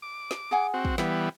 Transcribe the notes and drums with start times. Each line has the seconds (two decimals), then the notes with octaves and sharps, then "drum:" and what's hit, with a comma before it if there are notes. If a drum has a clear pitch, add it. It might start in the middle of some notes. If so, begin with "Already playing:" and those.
0.02 D6
0.31 drum: snare
0.51 G#4 F#5 G#5
0.74 C4 F#4
0.85 drum: kick
0.98 E3 G3 B3, drum: snare